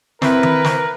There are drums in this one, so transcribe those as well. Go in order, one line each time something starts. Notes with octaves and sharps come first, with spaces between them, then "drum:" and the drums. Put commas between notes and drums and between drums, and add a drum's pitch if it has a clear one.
C4 E4 A#4 B4, drum: snare
drum: tom D#3
drum: snare